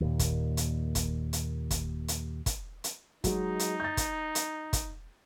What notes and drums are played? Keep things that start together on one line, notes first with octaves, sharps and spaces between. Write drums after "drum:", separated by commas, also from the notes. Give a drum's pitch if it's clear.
D#2 A#2
drum: kick, hi-hat
drum: hi-hat
drum: kick, hi-hat
drum: hi-hat
drum: kick, hi-hat
drum: hi-hat
drum: kick, hi-hat
drum: hi-hat
F#3 G#3 D#4, drum: kick, hi-hat
drum: hi-hat
G6 A6
drum: kick, hi-hat
drum: hi-hat
drum: kick, hi-hat